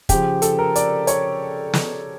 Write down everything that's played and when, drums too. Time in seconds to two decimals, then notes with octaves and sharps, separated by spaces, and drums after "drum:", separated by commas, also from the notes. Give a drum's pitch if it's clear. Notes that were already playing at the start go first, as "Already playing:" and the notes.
0.09 C#3 F3 G4, drum: kick, hi-hat
0.42 A4, drum: hi-hat
0.59 A#4
0.75 D5, drum: hi-hat
1.07 C#5, drum: hi-hat
1.73 drum: snare